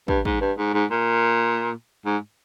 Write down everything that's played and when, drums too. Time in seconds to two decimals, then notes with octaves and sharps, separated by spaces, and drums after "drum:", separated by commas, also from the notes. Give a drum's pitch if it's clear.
0.08 G2, drum: kick
0.25 G#2, drum: kick
0.41 G2
0.58 G#2
0.74 G#2
0.91 A#2
2.06 G#2